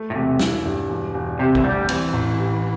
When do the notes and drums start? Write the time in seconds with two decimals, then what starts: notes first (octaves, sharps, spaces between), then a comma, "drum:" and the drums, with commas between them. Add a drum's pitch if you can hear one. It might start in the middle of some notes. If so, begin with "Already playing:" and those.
Already playing: A3
0.10 A2
0.15 E1 C3
0.40 E4, drum: snare
0.65 G2
0.90 E1
1.14 E1
1.39 C3 G4
1.55 E3, drum: kick
1.64 D2 G3
1.89 E3 C4, drum: cymbal
2.13 A1
2.38 G4